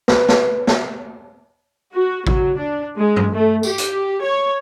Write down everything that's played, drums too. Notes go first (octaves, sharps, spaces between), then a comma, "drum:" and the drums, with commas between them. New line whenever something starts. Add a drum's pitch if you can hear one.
B4, drum: snare
drum: snare
drum: snare
F#4
F#3, drum: kick A1
D4
G#3
drum: tom G2
A3
G4, drum: tambourine
drum: hi-hat
C#5